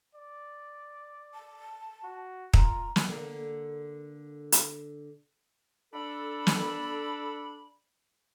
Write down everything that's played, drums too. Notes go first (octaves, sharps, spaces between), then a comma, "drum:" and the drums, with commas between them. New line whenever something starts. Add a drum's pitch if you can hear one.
D5
A5
F#4
F4 A#5, drum: kick
drum: snare
D3 A#3
drum: hi-hat
D4 A4 B5
drum: snare